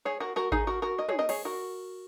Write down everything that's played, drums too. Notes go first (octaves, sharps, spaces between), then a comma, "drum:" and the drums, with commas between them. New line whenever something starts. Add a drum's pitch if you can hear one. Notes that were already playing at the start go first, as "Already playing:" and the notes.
G#4 C#5
F#4 A#4
F#4 A#4
D#4 G#4, drum: kick G#1
F#4 A#4
F#4 A#4
A#4 D#5
G#4 C#5, drum: tom
A#4 D#5
G#4 C#5, drum: cymbal
F#4 A#4